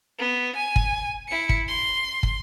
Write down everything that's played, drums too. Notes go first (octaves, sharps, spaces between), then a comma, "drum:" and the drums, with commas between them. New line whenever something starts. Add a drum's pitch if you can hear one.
B3
G#5
drum: kick
E4 C#7
drum: kick
C6
drum: kick